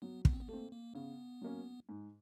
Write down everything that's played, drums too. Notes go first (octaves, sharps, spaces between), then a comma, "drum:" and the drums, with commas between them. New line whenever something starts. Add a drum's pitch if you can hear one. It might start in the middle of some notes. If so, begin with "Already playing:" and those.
F#3 B3
B3, drum: kick
C4
B3
A3 A#3 C4
A#3
C#3 B3
F#3 A#3 C#4
G#2